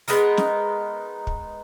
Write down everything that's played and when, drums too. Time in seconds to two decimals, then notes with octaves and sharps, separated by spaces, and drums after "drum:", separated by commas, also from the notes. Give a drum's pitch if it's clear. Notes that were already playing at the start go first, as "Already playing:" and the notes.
0.08 G#3 B3 D#4 A#4, drum: open hi-hat
0.37 drum: snare
1.27 drum: kick